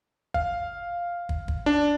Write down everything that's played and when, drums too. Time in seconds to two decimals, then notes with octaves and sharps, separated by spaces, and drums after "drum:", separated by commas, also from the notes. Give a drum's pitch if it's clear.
0.34 F5, drum: kick
1.29 drum: kick
1.48 drum: kick
1.66 D4